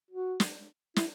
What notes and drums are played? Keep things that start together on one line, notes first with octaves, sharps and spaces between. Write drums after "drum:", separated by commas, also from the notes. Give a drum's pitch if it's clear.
F#4
drum: snare
E4, drum: snare